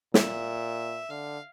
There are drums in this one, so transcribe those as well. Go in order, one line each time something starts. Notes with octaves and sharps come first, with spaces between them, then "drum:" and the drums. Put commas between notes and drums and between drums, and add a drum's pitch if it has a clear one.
A#2 E5, drum: snare
D3 F5